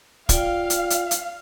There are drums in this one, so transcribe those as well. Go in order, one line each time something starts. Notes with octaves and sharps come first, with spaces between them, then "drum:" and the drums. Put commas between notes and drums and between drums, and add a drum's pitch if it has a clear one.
F4 D5 F5 G5, drum: kick C#1, hi-hat
drum: hi-hat
drum: hi-hat
drum: hi-hat